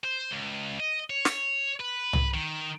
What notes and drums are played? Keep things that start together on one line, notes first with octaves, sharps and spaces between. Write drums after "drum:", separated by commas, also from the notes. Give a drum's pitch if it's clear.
C5
C#2
D#5
C#5
drum: snare
B4
drum: tom C2
D#3